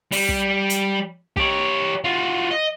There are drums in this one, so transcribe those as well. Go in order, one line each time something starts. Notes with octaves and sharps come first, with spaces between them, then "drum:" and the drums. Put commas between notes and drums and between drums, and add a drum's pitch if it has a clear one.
G3, drum: open hi-hat
drum: kick
drum: hi-hat
G4 C#5, drum: kick
F4 F#4
D#5